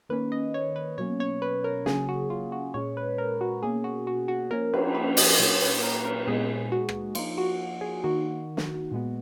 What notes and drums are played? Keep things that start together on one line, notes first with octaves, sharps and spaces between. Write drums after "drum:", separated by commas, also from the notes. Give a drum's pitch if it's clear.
D#3 A#3 C#4 B4
D#5
C#5
B4
B2 F#3 A#3 C#4 C#5
C#5
B4
A#4
C#3 F#3 A#3 C#4 G#4, drum: snare
F#4
F4
F#4
A#2 G#3 C#4 C#5
B4
A#4
F#4
B2 A#3 C#4 G#4
F#4
F#4
F#4
F3 A#3 C#4 A#4
B4, drum: cymbal
B4
D#5, drum: open hi-hat
D#5
A#2 F#3 A#3 C#5
B4
A#4
A#4
A#2 G#3 B3 D#4 G#4
F#4
drum: rim click
F3 A#3 D#4 F4, drum: cymbal
F#4
G#4
D#3 A#3 D#4 F#4
drum: snare
A#2 G#3 B3